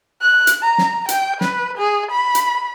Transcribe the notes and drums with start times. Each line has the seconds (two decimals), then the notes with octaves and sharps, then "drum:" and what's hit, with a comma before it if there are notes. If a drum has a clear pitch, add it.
0.22 F#6
0.47 drum: hi-hat
0.63 A#5
0.78 drum: snare
1.09 G5, drum: hi-hat
1.41 B4, drum: snare
1.78 G#4
2.11 B5
2.35 drum: hi-hat